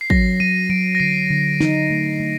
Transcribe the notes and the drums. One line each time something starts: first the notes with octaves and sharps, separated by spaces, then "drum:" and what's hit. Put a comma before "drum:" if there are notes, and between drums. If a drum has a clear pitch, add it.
C7
F#3 A#6, drum: kick
F#3 D#7
F#3 D7
A#6
D3 C7
D3
D#4, drum: snare
A3
A3